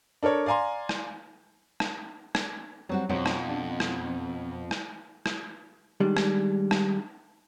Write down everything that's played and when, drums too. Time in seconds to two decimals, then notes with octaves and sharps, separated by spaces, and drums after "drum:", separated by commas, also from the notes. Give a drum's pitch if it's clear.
0.23 D4 A4 A#4 C#5
0.46 D5 F5 G#5 A#5 C6
0.89 drum: rim click
1.80 drum: rim click
2.35 drum: rim click
2.89 F#3 G3 C4 F#4
3.09 F2 B2 F#3 C4
3.26 drum: rim click
3.49 D4
3.80 drum: rim click
4.71 drum: rim click
5.26 drum: rim click
6.00 D#3 G3 G#3 D4
6.17 drum: rim click
6.71 drum: rim click